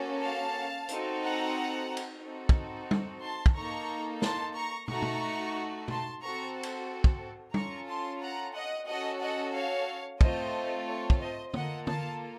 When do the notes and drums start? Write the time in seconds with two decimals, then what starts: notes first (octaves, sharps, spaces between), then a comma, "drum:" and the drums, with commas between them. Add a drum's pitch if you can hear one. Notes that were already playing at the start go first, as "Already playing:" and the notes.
Already playing: A#3 C#4 F#4 A4
0.22 F5 A5
0.89 C4 D#4 F#4 A4, drum: hi-hat
1.22 F#5 A#5
1.97 drum: cymbal
2.22 C4 D#4 F#4 A4
2.49 drum: kick
2.91 drum: tom
3.22 A5 C6
3.46 drum: kick
3.55 A#3 D#4 A4 A#5 C#6
4.22 A5 C6, drum: snare
4.55 A#5 C#6
4.88 A3 D#4 F#4 A#5 C#6, drum: tom
5.02 drum: tom
5.88 A5 C6, drum: tom
6.21 C4 F#4 A4 A#5 C#6
6.63 drum: cymbal
7.04 drum: kick
7.54 C#4 F4 A4 A#5 C#6, drum: tom
7.88 A5 C6
8.21 F#5 A#5
8.55 D#5 F#5
8.87 C#4 F#4 A4 D#5 F#5
9.21 D#5 F#5
9.55 C#5 F5
10.21 A3 C4 F4 A4 C5 D#5, drum: kick
10.87 C#5
11.10 drum: kick
11.20 C5 D#5
11.54 A#3 F4 A4 D#5 F#5, drum: tom
11.87 F5 A5, drum: tom